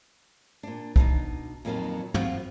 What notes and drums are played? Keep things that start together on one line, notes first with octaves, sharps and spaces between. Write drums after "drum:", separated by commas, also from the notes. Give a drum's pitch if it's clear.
A#2 D4
B2 D4 D#4, drum: kick
F2 A#2 D#3 F#3 B3 F4
B3 C4 F4 F#4, drum: tom